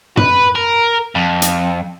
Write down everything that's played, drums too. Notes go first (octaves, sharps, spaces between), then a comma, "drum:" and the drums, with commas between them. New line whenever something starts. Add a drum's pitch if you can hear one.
B4, drum: tom
A#4
F2
drum: hi-hat